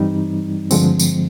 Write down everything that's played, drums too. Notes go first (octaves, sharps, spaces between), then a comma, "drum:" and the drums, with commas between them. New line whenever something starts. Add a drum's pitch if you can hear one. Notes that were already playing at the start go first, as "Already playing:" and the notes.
Already playing: G2 E3 G3 C4 D#4
G2 D3 F3 G#3 C4, drum: tambourine
drum: tambourine